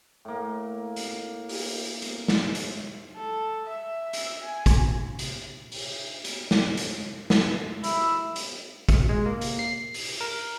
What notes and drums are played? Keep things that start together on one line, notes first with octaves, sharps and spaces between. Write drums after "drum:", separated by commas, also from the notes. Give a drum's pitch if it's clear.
A2 A#3
drum: hi-hat
drum: open hi-hat
drum: hi-hat
drum: snare
drum: hi-hat
A4
E5
drum: hi-hat
G#5
drum: kick, hi-hat
drum: hi-hat
drum: open hi-hat
drum: hi-hat
drum: snare
drum: hi-hat
drum: snare
E4, drum: hi-hat
drum: hi-hat
drum: kick, hi-hat
G#3
A#3
drum: hi-hat
C7
drum: open hi-hat
A#4